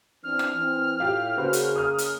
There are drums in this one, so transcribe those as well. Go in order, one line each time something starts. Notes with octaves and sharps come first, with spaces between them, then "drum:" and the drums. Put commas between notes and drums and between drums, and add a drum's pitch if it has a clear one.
E3 C4 D4 F6
drum: rim click
E3 C4
A2 F4 G4 F5
C#3 A#3 F#4 B4 C5
drum: hi-hat
D#6 F6
drum: hi-hat